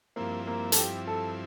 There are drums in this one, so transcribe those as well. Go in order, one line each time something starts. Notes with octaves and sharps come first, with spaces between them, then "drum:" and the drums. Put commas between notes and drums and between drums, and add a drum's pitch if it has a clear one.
G2 F3 A#3 C4 E4
A#3
A4, drum: hi-hat
G4
A4